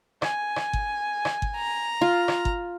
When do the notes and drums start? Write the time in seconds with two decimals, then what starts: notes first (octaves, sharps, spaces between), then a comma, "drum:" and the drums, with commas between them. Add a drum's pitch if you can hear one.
0.22 G#5, drum: rim click
0.56 drum: rim click
0.73 drum: kick G1
1.25 drum: rim click
1.42 drum: kick G1
1.56 A#5
2.01 F4
2.28 drum: rim click
2.45 drum: kick G1